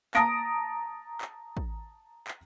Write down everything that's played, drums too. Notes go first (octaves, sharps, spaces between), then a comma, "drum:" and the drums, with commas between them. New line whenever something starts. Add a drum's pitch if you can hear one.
A5 A#5 D#6 A#6 D7, drum: clap
drum: clap
drum: kick
drum: clap